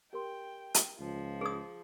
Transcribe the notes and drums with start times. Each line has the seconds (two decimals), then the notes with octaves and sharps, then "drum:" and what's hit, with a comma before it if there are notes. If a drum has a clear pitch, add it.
0.13 G4 A#4 G5 C6
0.74 drum: hi-hat
1.00 C#2 F3
1.41 G#4 D#6